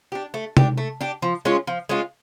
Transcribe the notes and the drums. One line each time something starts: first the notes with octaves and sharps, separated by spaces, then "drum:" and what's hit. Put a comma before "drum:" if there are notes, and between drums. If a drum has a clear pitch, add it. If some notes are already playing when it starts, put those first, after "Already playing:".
D4 G4
A3
D4 G4, drum: tom C3
A3
D4 G4
F3
G#3 C#4 F4
F3
G#3 C#4 F4